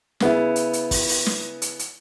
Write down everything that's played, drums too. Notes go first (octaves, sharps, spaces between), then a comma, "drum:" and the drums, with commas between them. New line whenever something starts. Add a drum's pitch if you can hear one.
C#3 B3 E4, drum: snare
drum: hi-hat
drum: hi-hat
drum: kick, open hi-hat
drum: open hi-hat
drum: snare
drum: hi-hat
drum: hi-hat